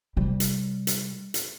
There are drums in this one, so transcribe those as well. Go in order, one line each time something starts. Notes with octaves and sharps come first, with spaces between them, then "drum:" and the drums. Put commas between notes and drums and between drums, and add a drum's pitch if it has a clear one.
C3 G3
drum: hi-hat
drum: hi-hat
drum: hi-hat